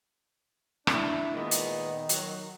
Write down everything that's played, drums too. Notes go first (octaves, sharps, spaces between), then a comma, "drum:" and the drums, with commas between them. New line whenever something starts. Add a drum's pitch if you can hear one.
D4 E4, drum: rim click
A#2 D#3 G#3 B3
drum: hi-hat
F#3, drum: hi-hat